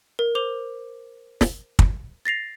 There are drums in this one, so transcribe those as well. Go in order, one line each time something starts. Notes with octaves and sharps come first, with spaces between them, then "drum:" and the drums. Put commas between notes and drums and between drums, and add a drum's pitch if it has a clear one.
A#4
A#4 C5 D6 F7 G7
drum: snare
drum: kick
A6 A#6 C7 F7